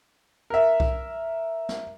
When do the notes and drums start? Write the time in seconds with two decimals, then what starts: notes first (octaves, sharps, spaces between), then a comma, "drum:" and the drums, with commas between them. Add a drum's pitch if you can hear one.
0.50 A#4 E5
0.80 drum: kick B1
1.69 drum: snare